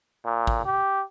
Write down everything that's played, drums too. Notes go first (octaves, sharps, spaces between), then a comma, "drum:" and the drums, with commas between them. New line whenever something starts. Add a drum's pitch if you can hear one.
A#2
drum: kick G#1
G4